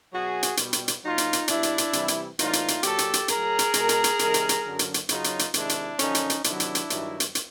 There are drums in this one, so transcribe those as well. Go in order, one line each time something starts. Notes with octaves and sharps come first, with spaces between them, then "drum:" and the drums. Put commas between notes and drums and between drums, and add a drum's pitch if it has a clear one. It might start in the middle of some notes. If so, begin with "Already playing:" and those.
B2 F#3 F#4 G#4
drum: hi-hat
B2 G3, drum: hi-hat
drum: hi-hat
drum: hi-hat
A#2 F#3 D#4 F4
drum: hi-hat
drum: hi-hat
B2 G3 D4 E4, drum: hi-hat
drum: hi-hat
drum: hi-hat
C3 E3 G3, drum: hi-hat
drum: hi-hat
A2 E3 G3 D#4 F4, drum: hi-hat
drum: hi-hat
drum: hi-hat
A#2 F#3 G4 A4, drum: hi-hat
drum: hi-hat
drum: hi-hat
A2 F#3 G#4 A#4, drum: hi-hat
drum: hi-hat
B2 G#3, drum: hi-hat
drum: hi-hat
drum: hi-hat
C3 D#3 G3, drum: hi-hat
drum: hi-hat
drum: hi-hat
F#2 D3 F#3
drum: hi-hat
drum: hi-hat
F#2 C#3 F#3 D#4 F4, drum: hi-hat
drum: hi-hat
drum: hi-hat
C3 D#3 G#3 D4 E4, drum: hi-hat
drum: hi-hat
F#2 D3 F3 C#4 D#4, drum: hi-hat
drum: hi-hat
drum: hi-hat
C3 D#3 F#3 D4 E4, drum: hi-hat
drum: hi-hat
drum: hi-hat
G2 D#3 F#3, drum: hi-hat
drum: hi-hat
drum: hi-hat